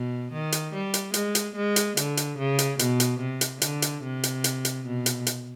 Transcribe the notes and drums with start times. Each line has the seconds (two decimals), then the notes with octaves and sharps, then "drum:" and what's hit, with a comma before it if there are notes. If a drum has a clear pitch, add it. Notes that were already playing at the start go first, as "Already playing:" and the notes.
Already playing: B2
0.32 D#3
0.52 drum: hi-hat
0.73 G3
0.94 drum: hi-hat
1.14 G#3, drum: hi-hat
1.35 drum: hi-hat
1.55 G#3
1.76 drum: hi-hat
1.97 D3, drum: hi-hat
2.17 drum: hi-hat
2.38 C#3
2.59 drum: hi-hat
2.79 B2, drum: hi-hat
3.00 drum: hi-hat
3.20 C3
3.41 drum: hi-hat
3.62 D3, drum: hi-hat
3.82 drum: hi-hat
4.03 C3
4.23 drum: hi-hat
4.44 drum: hi-hat
4.65 drum: hi-hat
4.86 B2
5.06 drum: hi-hat
5.27 drum: hi-hat